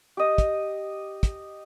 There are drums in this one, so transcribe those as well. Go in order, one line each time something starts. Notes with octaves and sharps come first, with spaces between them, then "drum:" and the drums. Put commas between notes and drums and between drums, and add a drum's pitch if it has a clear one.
G4 D#5
drum: kick, hi-hat
drum: kick, hi-hat